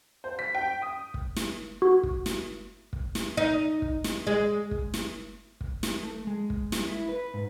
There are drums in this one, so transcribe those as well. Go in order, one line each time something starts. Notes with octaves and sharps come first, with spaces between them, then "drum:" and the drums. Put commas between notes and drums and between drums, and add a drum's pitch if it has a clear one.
C5
B6
G5
D#6
drum: kick
drum: snare
F#4
drum: kick
drum: snare
drum: kick
drum: snare
D#4
drum: kick
drum: snare
G#3
drum: kick
drum: snare
drum: kick
drum: snare
A3
G#3
drum: kick
drum: snare
E4
B4
G#2